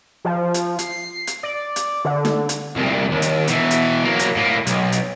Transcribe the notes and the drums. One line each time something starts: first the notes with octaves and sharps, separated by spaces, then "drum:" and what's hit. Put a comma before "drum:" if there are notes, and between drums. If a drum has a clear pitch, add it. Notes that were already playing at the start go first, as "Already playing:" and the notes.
F3
drum: hi-hat
C7, drum: hi-hat
drum: hi-hat
D5
drum: hi-hat
D3
drum: snare D#4
drum: hi-hat
C2 A#2
D#2
drum: hi-hat
B2 E3, drum: hi-hat
drum: hi-hat
F#3 A#3
drum: hi-hat
A2 A#3
B1, drum: hi-hat
drum: hi-hat